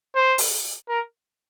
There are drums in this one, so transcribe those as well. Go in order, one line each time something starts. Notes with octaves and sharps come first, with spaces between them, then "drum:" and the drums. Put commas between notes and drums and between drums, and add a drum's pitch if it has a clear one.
C5
drum: open hi-hat
A#4